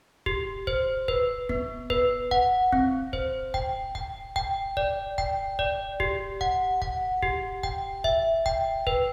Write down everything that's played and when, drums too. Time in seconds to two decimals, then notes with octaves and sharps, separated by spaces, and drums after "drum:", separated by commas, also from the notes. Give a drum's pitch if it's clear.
0.26 G4, drum: kick
0.67 C5, drum: kick
1.08 B4, drum: kick
1.49 B3, drum: kick
1.90 B4, drum: kick
2.31 F#5, drum: kick
2.72 C4, drum: kick
3.13 C5, drum: kick
3.54 G5, drum: kick
3.95 G5, drum: kick
4.36 G5, drum: kick
4.77 D5, drum: kick
5.18 G5, drum: kick
5.59 D5, drum: kick
6.00 G4, drum: kick
6.41 F#5, drum: kick
6.82 F#5, drum: kick
7.22 G4, drum: kick
7.63 G5, drum: kick
8.04 E5, drum: kick
8.46 G5, drum: kick
8.87 B4, drum: kick